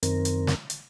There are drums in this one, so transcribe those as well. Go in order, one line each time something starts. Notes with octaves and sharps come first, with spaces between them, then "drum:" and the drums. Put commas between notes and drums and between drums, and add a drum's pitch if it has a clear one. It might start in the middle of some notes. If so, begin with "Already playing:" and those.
F#2 D#3 C4 A#4, drum: hi-hat
drum: hi-hat
drum: snare
drum: hi-hat